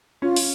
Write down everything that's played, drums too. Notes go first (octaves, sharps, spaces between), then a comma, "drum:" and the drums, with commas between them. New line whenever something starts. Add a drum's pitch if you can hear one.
C#4 F4
drum: open hi-hat